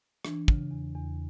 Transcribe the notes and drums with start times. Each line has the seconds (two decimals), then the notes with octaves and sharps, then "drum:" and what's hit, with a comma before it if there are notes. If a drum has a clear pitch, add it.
0.25 E3 D4, drum: rim click
0.48 C#3, drum: kick
0.71 E2
0.95 E2